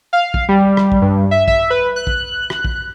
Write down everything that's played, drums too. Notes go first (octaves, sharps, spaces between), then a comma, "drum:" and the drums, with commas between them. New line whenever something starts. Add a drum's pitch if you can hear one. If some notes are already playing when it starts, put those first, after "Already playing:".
F5
drum: kick
G3
drum: rim click
drum: kick
G2
E5
E5, drum: kick
B4
F#6
drum: kick
drum: rim click
drum: kick